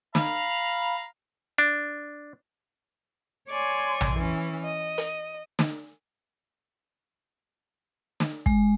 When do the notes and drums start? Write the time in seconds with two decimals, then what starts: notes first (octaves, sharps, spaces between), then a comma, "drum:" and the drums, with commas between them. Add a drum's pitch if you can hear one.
0.15 F5 A#5 B5, drum: snare
1.58 D4
3.49 C#5 D5 G#5 C6
4.01 drum: tom A#1
4.12 E3 C#4
4.63 D#5
4.98 drum: hi-hat
5.59 drum: snare
8.20 drum: snare
8.46 G#3, drum: kick